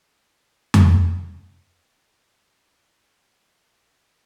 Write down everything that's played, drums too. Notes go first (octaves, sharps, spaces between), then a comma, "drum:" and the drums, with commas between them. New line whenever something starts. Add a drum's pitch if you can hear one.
E3 G3 D4 F4
drum: tom F2
A2 F3 A3 D4 F4 G4
A4
B4
C5
C5
B2 B3 F4